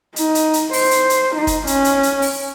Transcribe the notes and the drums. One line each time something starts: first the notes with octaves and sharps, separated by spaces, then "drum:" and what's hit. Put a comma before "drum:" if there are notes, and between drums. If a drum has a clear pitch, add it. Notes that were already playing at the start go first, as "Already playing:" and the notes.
D#4, drum: hi-hat
drum: hi-hat
drum: hi-hat
C5, drum: open hi-hat
drum: hi-hat
drum: hi-hat
D#4
drum: kick, hi-hat
C#4, drum: hi-hat
drum: hi-hat
drum: hi-hat
drum: open hi-hat